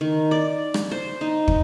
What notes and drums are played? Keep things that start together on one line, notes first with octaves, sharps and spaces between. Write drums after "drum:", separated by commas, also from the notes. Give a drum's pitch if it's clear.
D#3
D5
drum: rim click
C5
D#4
drum: kick